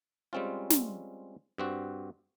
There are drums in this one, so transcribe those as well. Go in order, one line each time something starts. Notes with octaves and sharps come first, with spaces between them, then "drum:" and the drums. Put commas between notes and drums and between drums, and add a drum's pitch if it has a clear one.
G3 G#3 C4 C#4 F4
drum: snare
G2 C4 F#4